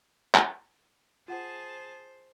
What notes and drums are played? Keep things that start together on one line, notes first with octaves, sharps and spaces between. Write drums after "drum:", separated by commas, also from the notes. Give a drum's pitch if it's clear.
drum: clap
F4 G#4 C5 F#5 A5